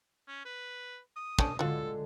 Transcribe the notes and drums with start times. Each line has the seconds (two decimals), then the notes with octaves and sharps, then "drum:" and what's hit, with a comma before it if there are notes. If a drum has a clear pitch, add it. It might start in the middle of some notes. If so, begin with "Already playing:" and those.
0.28 C#4
0.45 B4
1.16 D#6
1.39 A3 C#4 D4, drum: kick
1.59 D3 G#3 F4 F#4 A4